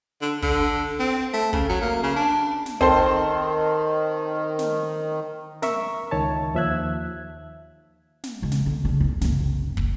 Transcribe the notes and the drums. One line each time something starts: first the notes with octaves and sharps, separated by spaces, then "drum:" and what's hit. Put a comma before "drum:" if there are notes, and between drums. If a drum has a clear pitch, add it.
D3
D3, drum: kick
C4
A3
C#3, drum: kick
F#3
A#3
C#3
D4
drum: snare
D#3 C4 A4 C5, drum: kick
drum: snare
A#4 E5 C#6, drum: snare
C#2 D#3 C#5 A5
D#2 F3 E5 E6 F#6 G#6
drum: snare
C#3 G#3
drum: snare
D3
C#3 D4
D#4 E4
F#1 C2, drum: snare
F#1, drum: kick